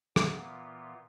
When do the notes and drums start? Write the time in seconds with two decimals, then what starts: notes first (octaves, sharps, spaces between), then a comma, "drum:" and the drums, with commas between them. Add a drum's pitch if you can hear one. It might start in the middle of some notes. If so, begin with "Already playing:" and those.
0.16 A#2 E3 B3 F4, drum: rim click